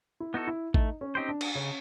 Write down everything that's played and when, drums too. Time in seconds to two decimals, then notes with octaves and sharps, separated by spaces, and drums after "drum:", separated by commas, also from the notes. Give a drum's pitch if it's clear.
0.20 E4
0.34 B3 D#4 F#4 A4
0.47 E4
0.74 A3 D#4, drum: kick A1
1.01 C#4
1.15 C4 D#4 G4 C5
1.29 D4
1.41 drum: cymbal
1.55 C#3 C#4